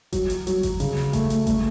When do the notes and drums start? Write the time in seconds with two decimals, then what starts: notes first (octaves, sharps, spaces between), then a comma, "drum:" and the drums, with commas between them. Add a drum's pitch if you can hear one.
0.12 F#3, drum: kick G1, hi-hat
0.30 drum: hi-hat
0.47 F#3, drum: hi-hat
0.63 drum: kick G1, hi-hat
0.80 C#3, drum: hi-hat
0.97 drum: snare
1.13 A3, drum: kick G1, hi-hat
1.30 drum: hi-hat
1.47 A3, drum: kick G1, hi-hat